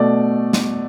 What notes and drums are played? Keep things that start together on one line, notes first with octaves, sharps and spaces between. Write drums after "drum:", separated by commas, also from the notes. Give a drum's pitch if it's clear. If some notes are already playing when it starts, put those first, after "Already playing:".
Already playing: B2 A3 D5
drum: snare